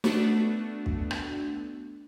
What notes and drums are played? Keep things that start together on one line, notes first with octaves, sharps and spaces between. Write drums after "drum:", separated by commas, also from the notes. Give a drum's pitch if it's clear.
A3 B3 D4 F#4, drum: snare
drum: kick
drum: rim click